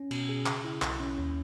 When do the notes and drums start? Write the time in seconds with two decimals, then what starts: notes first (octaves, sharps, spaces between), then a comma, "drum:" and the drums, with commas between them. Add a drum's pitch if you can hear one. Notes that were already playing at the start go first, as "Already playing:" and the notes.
Already playing: C#4
0.11 B2, drum: cymbal
0.29 G#4
0.46 C#3, drum: clap
0.64 E4
0.82 B1, drum: clap
1.00 C#4
1.18 D#2